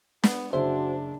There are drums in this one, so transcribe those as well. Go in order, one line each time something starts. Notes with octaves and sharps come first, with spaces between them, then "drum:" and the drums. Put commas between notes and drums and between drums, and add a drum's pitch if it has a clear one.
B3, drum: snare
F#1 D4 F#4 G#4 C5 E5